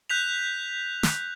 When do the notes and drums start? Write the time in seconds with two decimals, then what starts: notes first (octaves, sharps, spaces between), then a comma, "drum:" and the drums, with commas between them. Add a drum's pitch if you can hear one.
0.10 F#6 G6 B6 F7
1.03 drum: snare